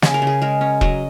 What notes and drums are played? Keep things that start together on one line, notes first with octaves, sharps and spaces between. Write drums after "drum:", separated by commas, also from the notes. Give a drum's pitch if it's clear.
C#3 G#4, drum: snare
A#4
C#3
G#4
G#3 A#4
C#4
F#3 D#5, drum: kick E1